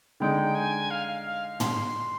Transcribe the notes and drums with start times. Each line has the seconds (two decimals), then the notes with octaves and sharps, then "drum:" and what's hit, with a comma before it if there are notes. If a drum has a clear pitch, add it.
0.20 D3 G#3 D#4 G5
0.55 G#5
0.90 F5
1.07 F5
1.25 F5
1.60 C6, drum: tom